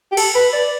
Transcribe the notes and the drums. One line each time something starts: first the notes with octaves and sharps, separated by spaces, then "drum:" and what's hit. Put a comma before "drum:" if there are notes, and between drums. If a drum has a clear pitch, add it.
G4
A4, drum: cymbal
B4
D5